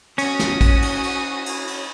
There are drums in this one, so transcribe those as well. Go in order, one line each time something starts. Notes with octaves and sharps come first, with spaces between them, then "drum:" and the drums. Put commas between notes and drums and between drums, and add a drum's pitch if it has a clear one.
C#4 F#4 D#6, drum: cymbal
drum: snare
drum: kick, cymbal
drum: cymbal
drum: cymbal
drum: cymbal
drum: cymbal